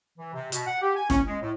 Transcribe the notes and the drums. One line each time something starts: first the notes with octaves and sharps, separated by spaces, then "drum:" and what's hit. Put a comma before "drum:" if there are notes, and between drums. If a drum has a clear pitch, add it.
E3
C3
B2, drum: hi-hat
F#5
G4
G#5
C#4, drum: snare
G#3
A2